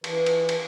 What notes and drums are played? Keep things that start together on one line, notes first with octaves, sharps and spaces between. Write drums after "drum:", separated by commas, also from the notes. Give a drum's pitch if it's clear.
E3, drum: cymbal
drum: cymbal
drum: cymbal